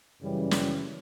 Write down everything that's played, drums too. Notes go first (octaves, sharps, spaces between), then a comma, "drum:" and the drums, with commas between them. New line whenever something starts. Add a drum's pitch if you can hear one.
F#2 C#3 E3 G3
drum: snare